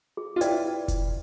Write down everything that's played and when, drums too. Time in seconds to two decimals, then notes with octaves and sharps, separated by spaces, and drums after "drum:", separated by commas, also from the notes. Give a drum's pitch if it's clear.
0.17 G#4
0.36 F4
0.41 E4 B4 D5 G5, drum: hi-hat
0.88 drum: kick F1, hi-hat